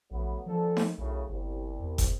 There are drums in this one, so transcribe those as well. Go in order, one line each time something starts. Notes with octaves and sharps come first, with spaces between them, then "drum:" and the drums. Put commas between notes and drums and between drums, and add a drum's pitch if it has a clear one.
A#1 F#3 A3 B3
A#2 D3 F3 A4
drum: snare D#4
B1 F#2 A2 C#3
G1 C2
E2
drum: kick, hi-hat